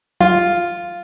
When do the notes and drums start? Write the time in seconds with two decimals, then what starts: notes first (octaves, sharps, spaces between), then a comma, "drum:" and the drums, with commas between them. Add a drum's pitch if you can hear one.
0.21 F4, drum: tom F#3